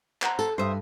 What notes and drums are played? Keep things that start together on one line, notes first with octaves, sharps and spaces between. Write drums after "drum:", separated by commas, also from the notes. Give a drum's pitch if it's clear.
C5 F#5 A#5, drum: clap
A4, drum: tambourine
G2 C5 E5 D#6